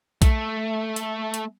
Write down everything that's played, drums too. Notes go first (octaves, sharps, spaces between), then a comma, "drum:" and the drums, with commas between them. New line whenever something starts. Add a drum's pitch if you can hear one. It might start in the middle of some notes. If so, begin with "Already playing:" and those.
A3, drum: kick A#1, hi-hat
drum: hi-hat
drum: hi-hat